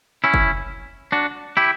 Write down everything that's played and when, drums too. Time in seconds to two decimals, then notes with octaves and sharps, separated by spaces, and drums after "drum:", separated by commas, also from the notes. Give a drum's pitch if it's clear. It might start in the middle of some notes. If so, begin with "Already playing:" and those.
0.24 C#4 E4
0.34 drum: kick
1.12 D4 F#4
1.57 E4 G4